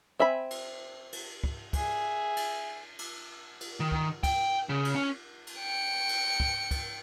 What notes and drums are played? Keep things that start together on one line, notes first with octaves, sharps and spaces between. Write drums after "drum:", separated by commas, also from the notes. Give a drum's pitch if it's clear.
C4 E5 G#5 B5
drum: cymbal
drum: cymbal
drum: kick
G#4 E5, drum: kick, cymbal
drum: cymbal
drum: cymbal
drum: cymbal
D#3
drum: kick
G5, drum: kick, cymbal
C#3
drum: cymbal
C#4
drum: cymbal
G5 C#7
drum: cymbal
drum: kick
drum: kick, cymbal